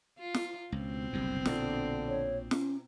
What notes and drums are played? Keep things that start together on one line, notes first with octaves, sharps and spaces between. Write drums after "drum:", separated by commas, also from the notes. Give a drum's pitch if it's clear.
F4
drum: snare
C#2 B2 C4
F#1 C2 G2
A#1 D3, drum: snare
C#5
C#4, drum: snare